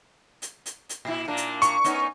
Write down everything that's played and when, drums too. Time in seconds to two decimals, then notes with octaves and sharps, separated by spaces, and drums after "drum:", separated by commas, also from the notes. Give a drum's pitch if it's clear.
0.42 drum: hi-hat
0.66 drum: hi-hat
0.89 drum: hi-hat
1.05 A#2 E4
1.28 A#2 A#3 D4
1.37 drum: hi-hat
1.62 C#6, drum: hi-hat
1.84 B3 C#4 D#4, drum: hi-hat